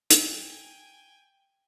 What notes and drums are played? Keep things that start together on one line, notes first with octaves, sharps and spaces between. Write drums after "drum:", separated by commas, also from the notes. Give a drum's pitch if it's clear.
G5 G#5, drum: hi-hat